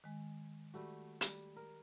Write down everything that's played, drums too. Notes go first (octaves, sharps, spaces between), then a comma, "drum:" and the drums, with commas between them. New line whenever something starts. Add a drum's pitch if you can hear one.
D#3 G#3
G3 A3 F#4
G3, drum: hi-hat
A#4